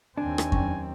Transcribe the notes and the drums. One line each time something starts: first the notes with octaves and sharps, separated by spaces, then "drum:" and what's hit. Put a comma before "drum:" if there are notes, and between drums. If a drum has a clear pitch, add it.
D#2 C4 D4 G#5
drum: rim click
F#3 C#4 G5, drum: kick F2